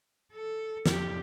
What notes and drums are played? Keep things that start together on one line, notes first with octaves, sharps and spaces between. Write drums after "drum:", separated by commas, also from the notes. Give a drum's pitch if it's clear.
A4
F2 G4, drum: snare